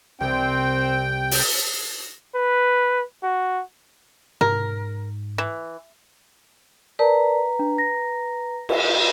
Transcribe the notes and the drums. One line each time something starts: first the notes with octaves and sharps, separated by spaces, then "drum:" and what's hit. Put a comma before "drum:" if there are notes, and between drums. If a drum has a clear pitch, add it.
C2 C4 G5
drum: open hi-hat
B4
F#4
G#2 A#4, drum: tom C3
E3
A#4 B4 D5 A5 A#5
D4
A#6
drum: cymbal